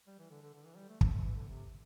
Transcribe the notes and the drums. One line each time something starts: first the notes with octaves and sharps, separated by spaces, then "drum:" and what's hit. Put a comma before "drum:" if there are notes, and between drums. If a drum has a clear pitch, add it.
G3
E3
D3
D3
D3
E3
G3
A3
C4, drum: kick
A3
E3
D3
C3